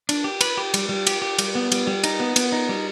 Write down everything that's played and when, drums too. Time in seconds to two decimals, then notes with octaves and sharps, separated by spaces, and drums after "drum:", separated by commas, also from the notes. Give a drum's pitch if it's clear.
0.09 D4, drum: cymbal
0.24 G4
0.41 B4, drum: cymbal
0.57 G4
0.74 G3, drum: cymbal
0.89 G3
1.07 G4, drum: cymbal
1.22 G4
1.38 G3, drum: cymbal
1.55 B3
1.72 G3, drum: cymbal
1.87 G3
2.04 D#4, drum: cymbal
2.20 B3
2.36 B3, drum: cymbal
2.52 D#4
2.69 G3